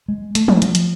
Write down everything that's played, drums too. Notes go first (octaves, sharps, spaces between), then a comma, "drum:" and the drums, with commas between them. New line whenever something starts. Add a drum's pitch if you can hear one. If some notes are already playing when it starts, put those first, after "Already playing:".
G#3
A3, drum: hi-hat
drum: tom
F3, drum: hi-hat
drum: hi-hat